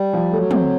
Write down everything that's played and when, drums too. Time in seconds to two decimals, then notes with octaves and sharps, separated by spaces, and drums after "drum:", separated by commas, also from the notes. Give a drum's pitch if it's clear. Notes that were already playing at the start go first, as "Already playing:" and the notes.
Already playing: G3
0.13 F3
0.32 F#3 A3
0.51 C4, drum: tom